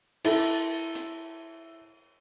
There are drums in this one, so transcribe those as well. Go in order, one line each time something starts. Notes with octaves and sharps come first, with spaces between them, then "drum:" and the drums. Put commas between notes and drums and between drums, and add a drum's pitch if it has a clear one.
E4 A4, drum: cymbal
drum: hi-hat